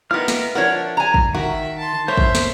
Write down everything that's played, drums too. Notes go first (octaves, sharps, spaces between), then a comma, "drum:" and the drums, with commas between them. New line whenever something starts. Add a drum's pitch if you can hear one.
D#3 B3 F4 A#4 E5 F6
drum: snare
F3 D4 A#4 C#5 F#5
G#5 A#5
drum: kick
D#3 F#4 A#4 E5
A5 C6
A#4 C5 C#5 E5 C6
drum: kick
drum: snare